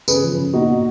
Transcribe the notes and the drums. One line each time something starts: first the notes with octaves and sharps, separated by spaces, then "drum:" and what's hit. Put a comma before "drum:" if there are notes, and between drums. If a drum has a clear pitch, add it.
C#3 G#4 B4, drum: tambourine
F3
C#3
A#2 D#4 F#4
A#2